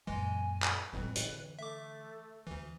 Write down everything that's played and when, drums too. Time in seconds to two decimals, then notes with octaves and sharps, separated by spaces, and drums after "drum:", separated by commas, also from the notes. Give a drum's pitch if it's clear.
0.07 F#2 A#2 E3 G#3 G#5
0.63 drum: clap
0.93 G1 F2 A2 F#3 B4
1.15 D3 E3, drum: hi-hat
1.59 A3 E5 D6
2.47 D2 D3 E3